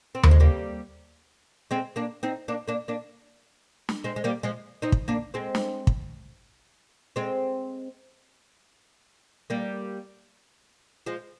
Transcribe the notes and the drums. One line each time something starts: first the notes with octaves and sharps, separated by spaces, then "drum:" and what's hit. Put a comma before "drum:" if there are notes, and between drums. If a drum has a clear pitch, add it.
C4
A#3, drum: tom D#2
G#3
G3 A#3
G#3 C4
A#3 D4
C4 D#4
A#3 D4
A#3 D4
A#3 D4
drum: snare
G#3 C4
G#3
G3 A#3
F3 G#3
C4 D#4
drum: kick
A#3 D4
G#3 C4
drum: snare
drum: kick
G#3 C4
G3 A#3
F3 G#3